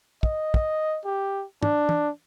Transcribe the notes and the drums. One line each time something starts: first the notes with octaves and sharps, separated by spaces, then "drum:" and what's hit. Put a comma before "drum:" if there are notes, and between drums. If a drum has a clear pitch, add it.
D#5, drum: kick
drum: kick
G4
D4, drum: tom
drum: tom